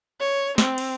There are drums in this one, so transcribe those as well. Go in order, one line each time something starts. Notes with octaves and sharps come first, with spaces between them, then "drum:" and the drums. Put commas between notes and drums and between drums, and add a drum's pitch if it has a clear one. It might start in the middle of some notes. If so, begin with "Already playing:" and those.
C#5
C4, drum: snare
drum: cymbal